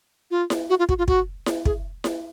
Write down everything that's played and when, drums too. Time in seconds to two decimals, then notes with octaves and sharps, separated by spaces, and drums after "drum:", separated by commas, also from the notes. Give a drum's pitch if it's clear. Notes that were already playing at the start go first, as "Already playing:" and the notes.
0.31 F4
0.50 drum: snare E4
0.70 F#4
0.79 F4
0.89 F#4, drum: kick
0.98 F4
1.08 F#4, drum: kick
1.46 drum: snare E4
1.65 G#4, drum: kick
2.04 drum: snare E4